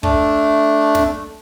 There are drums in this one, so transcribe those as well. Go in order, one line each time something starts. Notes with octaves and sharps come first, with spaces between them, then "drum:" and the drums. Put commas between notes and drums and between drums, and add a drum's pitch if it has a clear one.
A3 D4, drum: kick
drum: snare